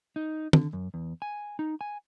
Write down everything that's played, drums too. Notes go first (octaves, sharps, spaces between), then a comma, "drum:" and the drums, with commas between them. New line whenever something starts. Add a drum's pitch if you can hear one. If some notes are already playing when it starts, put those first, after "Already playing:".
D#4
D3, drum: tom
F#2
E2
G#5
D#4
G#5